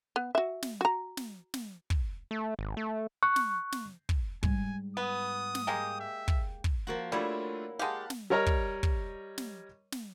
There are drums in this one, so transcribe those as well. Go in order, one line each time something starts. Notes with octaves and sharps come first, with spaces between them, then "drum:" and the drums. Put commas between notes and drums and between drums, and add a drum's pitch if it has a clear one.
B3
F#4 E5
drum: snare
F#4 A#5
drum: snare
drum: snare
drum: kick
A3
G#1
A3
C#6 F#6
drum: snare
drum: snare
drum: kick
G#2 G3 G#5, drum: kick
B3 D#6
drum: snare
G#3 A#3 G4
E5
drum: kick
drum: kick
F3 A#3 F#4
G3 A3 D4 E4 F4 C#5 E5
G#3 G4 F5 F#5 A5
drum: snare
G3 A#4 C#5 D#5 A#5 F6
drum: kick
drum: kick
drum: snare
drum: snare